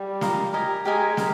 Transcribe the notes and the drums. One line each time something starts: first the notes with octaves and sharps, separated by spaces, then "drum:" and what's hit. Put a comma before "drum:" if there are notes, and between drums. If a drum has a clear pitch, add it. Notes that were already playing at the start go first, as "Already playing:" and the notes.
Already playing: G3
F4 A#4 D#5, drum: snare
G4 A#4 D#5 G#5
G#3 G4 A#4 D#5 G#5
G4 A#4, drum: snare